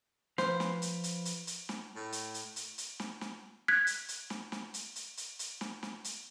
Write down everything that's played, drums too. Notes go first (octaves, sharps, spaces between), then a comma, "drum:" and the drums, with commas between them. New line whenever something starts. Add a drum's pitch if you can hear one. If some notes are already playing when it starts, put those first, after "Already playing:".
F3 B4 C5 F5, drum: snare
drum: snare
drum: hi-hat
drum: hi-hat
drum: hi-hat
drum: hi-hat
drum: snare
A2
drum: hi-hat
drum: hi-hat
drum: hi-hat
drum: hi-hat
drum: snare
drum: snare
F#6 G#6 B6
drum: hi-hat
drum: hi-hat
drum: snare
drum: snare
drum: hi-hat
drum: hi-hat
drum: hi-hat
drum: hi-hat
drum: snare
drum: snare
drum: hi-hat